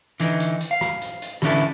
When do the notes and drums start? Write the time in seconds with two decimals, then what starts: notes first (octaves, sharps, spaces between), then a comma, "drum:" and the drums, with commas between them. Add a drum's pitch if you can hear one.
0.20 D3 E3 D#4, drum: hi-hat
0.40 drum: hi-hat
0.61 drum: hi-hat
0.71 F5
0.81 drum: rim click
1.02 drum: hi-hat
1.22 drum: hi-hat
1.42 D3 E3 C#4 D4 E4 A4, drum: rim click